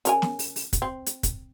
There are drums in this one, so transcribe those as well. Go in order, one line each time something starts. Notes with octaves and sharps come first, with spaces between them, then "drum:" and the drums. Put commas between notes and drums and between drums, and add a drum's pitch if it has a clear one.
C#3 A#4 G#5, drum: hi-hat
drum: snare
drum: open hi-hat
drum: open hi-hat
drum: kick, hi-hat
C4
drum: hi-hat
drum: kick, hi-hat